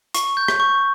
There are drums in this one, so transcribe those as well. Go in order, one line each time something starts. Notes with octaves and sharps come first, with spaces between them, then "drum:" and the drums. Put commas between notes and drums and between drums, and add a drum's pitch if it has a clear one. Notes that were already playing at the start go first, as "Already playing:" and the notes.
C#6, drum: hi-hat
G6
drum: rim click
C#6